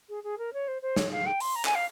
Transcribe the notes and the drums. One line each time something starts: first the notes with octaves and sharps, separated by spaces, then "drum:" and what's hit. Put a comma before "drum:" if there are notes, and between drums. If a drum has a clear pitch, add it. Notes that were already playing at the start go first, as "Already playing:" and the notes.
G#4
G#4
A#4
C#5
C5
C5
C#5, drum: snare
F5
G5
C6, drum: open hi-hat
A#5
G#5, drum: clap
F5